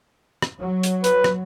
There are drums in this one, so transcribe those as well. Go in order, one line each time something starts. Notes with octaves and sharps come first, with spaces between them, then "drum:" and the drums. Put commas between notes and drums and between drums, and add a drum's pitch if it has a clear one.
drum: rim click
F#3
drum: hi-hat
B4, drum: hi-hat
drum: rim click